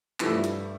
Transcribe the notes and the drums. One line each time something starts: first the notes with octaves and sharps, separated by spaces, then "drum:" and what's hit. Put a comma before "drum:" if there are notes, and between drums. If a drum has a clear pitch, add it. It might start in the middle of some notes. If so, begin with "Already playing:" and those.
G2 F3 A3 E4, drum: clap
drum: hi-hat